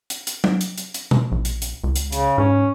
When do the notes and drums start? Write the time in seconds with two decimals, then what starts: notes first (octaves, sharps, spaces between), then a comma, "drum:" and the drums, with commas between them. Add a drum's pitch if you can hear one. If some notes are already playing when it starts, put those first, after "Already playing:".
0.10 drum: hi-hat
0.27 drum: hi-hat
0.44 drum: tom F#3
0.61 drum: hi-hat
0.78 drum: hi-hat
0.94 drum: hi-hat
1.11 drum: tom B2
1.32 A#1
1.45 drum: hi-hat
1.62 drum: hi-hat
1.84 C#2
1.96 drum: hi-hat
2.12 C#3, drum: hi-hat
2.38 G#2 C#4